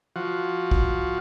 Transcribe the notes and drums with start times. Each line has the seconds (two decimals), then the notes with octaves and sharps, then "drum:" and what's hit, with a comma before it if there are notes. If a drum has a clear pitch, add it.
0.16 F3 F#4
0.71 drum: kick